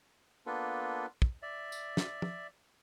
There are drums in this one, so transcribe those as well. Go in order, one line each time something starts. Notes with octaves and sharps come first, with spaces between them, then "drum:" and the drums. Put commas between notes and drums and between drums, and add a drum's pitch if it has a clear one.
A#3 B3 D4 F4 A4 B4
drum: kick
D5 E5
drum: tambourine
drum: snare
drum: tom